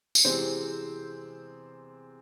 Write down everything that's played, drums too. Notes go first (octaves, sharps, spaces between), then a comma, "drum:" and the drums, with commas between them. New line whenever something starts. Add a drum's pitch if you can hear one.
drum: tambourine
C3 E3 G#3 C4 C5